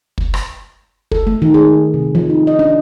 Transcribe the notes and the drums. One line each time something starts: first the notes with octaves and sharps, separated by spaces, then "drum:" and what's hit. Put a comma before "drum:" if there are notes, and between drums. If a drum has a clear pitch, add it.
drum: kick
drum: rim click
A4, drum: kick
A3
D#3
G#4
C3
F3
D#4
D#5
D4